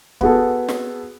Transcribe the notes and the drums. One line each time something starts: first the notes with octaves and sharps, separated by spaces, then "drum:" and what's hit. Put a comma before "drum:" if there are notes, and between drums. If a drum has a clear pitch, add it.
B3 F#4 G#4 A4, drum: kick
drum: snare